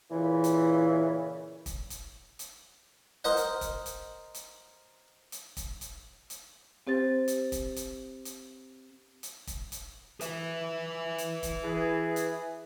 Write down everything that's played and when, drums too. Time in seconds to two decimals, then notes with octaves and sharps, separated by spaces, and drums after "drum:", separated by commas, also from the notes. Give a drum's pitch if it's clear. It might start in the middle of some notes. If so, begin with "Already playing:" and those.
0.11 A#2 C#3 E3
0.44 drum: hi-hat
1.66 drum: kick, hi-hat
1.90 drum: hi-hat
2.39 drum: hi-hat
3.24 A#4 C5 D#5 F#5
3.37 drum: hi-hat
3.61 drum: kick, hi-hat
3.86 drum: hi-hat
4.35 drum: hi-hat
5.32 drum: hi-hat
5.57 drum: kick, hi-hat
5.81 drum: hi-hat
6.30 drum: hi-hat
6.87 C4 G4 C5 A6
7.28 drum: hi-hat
7.52 drum: kick, hi-hat
7.76 drum: hi-hat
8.25 drum: hi-hat
9.23 drum: hi-hat
9.47 drum: kick, hi-hat
9.72 drum: hi-hat
10.21 B4 E5, drum: hi-hat
11.18 drum: hi-hat
11.43 drum: kick, hi-hat
11.63 E3 G#4
12.16 drum: hi-hat